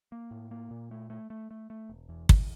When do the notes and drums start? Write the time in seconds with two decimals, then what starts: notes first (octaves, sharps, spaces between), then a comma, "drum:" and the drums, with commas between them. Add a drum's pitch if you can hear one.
0.12 A#3
0.31 A2
0.51 A#3
0.71 A#2
0.91 A3
1.10 A3
1.30 A3
1.51 A3
1.70 A3
1.89 E1
2.09 E2
2.29 E2, drum: kick